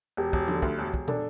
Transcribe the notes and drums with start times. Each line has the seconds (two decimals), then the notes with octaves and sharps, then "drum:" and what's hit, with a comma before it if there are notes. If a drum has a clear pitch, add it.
0.17 E1 G4
0.33 E1, drum: kick
0.48 D3, drum: tom F3
0.62 D2, drum: kick
0.79 E1
0.94 E1, drum: kick
1.08 D4 A4, drum: tom